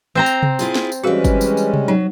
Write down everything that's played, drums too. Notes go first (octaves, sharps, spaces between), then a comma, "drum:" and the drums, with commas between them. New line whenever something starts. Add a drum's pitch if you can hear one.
C4 C5 A#5
drum: tambourine
drum: tom C3
E4 F4 G#4, drum: tambourine
drum: snare
drum: tambourine
E3 G3 G#3 C#4 F#4 G#4 B4 F5
drum: kick, tambourine
drum: tambourine
drum: tambourine
drum: tom C3
F#3 D#4